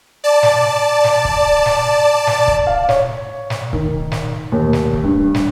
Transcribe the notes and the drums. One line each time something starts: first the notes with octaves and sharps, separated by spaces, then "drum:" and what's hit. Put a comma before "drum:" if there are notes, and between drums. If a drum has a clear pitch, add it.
D5 A5
drum: snare
drum: snare
drum: kick C#1
drum: snare
drum: snare
drum: kick C#1
F5
C#5, drum: snare
drum: snare
D#3, drum: kick C#1
drum: snare
D#2
drum: snare
drum: kick C#1
G2
drum: snare